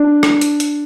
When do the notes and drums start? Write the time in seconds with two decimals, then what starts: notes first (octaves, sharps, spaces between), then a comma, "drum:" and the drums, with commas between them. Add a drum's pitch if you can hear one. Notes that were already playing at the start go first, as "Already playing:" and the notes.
Already playing: D4
0.23 drum: rim click
0.41 drum: hi-hat
0.60 drum: hi-hat